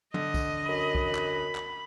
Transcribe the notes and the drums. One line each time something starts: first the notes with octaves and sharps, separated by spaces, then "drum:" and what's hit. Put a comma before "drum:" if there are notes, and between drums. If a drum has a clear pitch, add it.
D3 D#5, drum: tom
drum: kick, tambourine
F#2 B5
drum: kick
drum: clap
drum: clap